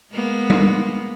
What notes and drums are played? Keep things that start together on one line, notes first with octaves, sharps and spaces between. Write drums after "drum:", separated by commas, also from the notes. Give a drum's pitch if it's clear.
G#3 A#3 B3
drum: tom G3